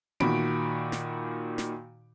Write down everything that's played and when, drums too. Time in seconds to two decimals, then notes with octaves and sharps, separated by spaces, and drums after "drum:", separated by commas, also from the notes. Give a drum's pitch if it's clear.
0.20 A#2 D#3 F#4 B5 D7, drum: tom B3
0.92 drum: snare
1.58 drum: snare